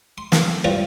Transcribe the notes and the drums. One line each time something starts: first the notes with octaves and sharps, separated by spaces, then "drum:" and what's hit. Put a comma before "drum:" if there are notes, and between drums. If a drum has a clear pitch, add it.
C6
E3 A#3, drum: snare
G2 E3 C#4 D4 F4 C5